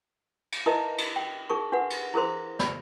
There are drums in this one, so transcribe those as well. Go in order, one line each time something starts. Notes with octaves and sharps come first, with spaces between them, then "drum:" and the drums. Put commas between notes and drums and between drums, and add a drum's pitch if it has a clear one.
drum: cymbal
D#4 E4 A#4 B4 D#5 E5
drum: cymbal
G5
D#4 G#4 A#4 C#6
D4 F#4 B4 F#5
drum: cymbal
E4 G#4 A#4 C5 C6
D5 B5, drum: snare